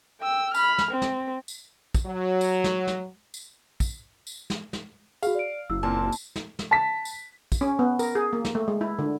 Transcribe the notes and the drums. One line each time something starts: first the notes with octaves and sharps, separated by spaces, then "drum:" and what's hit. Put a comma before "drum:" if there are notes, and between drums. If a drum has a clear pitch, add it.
G5 E6
B5 F6, drum: tambourine
drum: snare
C4
drum: snare
drum: tambourine
drum: kick, tambourine
F#3
drum: tambourine
drum: snare
drum: snare
drum: tambourine
drum: kick, tambourine
drum: tambourine
drum: snare
drum: snare
F#4 G#4 F5, drum: tambourine
D5 D7
F#1 E4 E6
A#2 A#3 C4 A5
drum: tambourine
drum: snare
drum: snare
A5 B6
drum: tambourine
drum: kick, tambourine
C#4
B3
A#4, drum: tambourine
G#4
A#3
drum: snare
A3
G#3
E4
D3